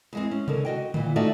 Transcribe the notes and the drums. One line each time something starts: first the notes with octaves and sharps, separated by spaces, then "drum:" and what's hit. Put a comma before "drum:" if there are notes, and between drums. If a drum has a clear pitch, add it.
E2 G#3 C4
C#4
D3 F#3 G#3 A#4, drum: tom C3
F#4 D#5 G5
A#2 E3 B3, drum: tom D3
A3 D#4 F4 F#4 D5 E5